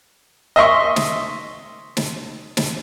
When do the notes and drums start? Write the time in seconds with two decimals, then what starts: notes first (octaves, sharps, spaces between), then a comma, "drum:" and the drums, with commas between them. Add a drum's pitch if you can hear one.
0.56 D#5 E5 C6 C#6
0.96 drum: snare
1.97 drum: snare
2.57 drum: snare